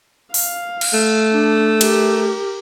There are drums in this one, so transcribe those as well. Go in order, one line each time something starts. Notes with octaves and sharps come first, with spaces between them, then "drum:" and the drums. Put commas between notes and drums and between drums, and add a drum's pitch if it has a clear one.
F5, drum: open hi-hat
drum: cymbal
A3
D4
G4 A#4, drum: cymbal